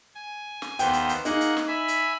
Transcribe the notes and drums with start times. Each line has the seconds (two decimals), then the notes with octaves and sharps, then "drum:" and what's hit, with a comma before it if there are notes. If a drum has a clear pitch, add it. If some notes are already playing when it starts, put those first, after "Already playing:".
0.15 G#5
0.62 drum: snare
0.79 D#2 B3 C5 G5, drum: hi-hat
0.93 drum: hi-hat
1.09 drum: hi-hat
1.25 A#3 D#4 G#4 F#5, drum: hi-hat
1.41 drum: hi-hat
1.57 drum: snare
1.68 E5 G#5 B5
1.88 drum: hi-hat